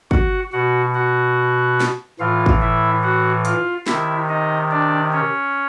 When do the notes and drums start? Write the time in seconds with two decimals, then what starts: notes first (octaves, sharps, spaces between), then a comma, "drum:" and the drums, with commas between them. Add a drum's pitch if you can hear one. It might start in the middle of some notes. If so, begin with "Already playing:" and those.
0.11 F#4 F#5, drum: kick
0.53 B2 F#4 F#5
0.94 F#4 F#5
1.80 drum: snare
2.19 A2 E3 F4 F5
2.46 drum: kick
2.61 E4 E5
3.03 F#4 F#5
3.45 F4 F5, drum: hi-hat
3.87 C3 D#3 E4 E5, drum: snare
4.29 D#4 D#5
4.71 D4 D5
5.13 C#4 C#5